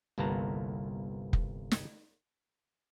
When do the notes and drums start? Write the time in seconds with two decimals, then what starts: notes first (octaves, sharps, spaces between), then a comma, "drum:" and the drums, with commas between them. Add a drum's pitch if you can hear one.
0.18 G1 C2 A#3 B3 A5 A#5
1.33 drum: kick F1
1.71 drum: snare